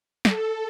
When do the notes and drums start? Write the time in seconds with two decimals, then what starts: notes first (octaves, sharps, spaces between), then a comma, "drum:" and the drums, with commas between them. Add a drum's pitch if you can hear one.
0.25 A4, drum: snare